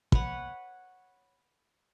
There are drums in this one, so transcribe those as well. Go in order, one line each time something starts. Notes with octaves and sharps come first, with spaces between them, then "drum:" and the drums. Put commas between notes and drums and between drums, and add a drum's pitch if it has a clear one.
B4 C#5 F#5, drum: kick